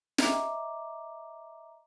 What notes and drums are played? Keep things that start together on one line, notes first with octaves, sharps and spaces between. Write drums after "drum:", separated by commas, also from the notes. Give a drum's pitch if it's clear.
D#5 E5 A#5 D6, drum: snare